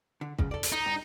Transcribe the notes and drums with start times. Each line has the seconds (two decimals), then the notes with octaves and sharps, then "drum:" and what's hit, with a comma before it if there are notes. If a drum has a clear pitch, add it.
0.21 D3
0.39 C#2 A2 C#3, drum: kick
0.51 A4 D5
0.63 drum: hi-hat
0.72 D#4
0.86 G2